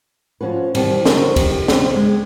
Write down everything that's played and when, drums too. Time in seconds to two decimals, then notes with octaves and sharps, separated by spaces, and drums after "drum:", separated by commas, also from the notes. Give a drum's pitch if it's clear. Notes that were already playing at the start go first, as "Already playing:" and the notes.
0.41 F3 C#4 F#4 B4
0.75 B2 D#3 E3 G3 C4, drum: cymbal
1.05 C4 D4 F#4 A#4 C5, drum: snare
1.36 G4 D#5, drum: kick, cymbal
1.68 B2 C4 D4, drum: snare
1.94 G#3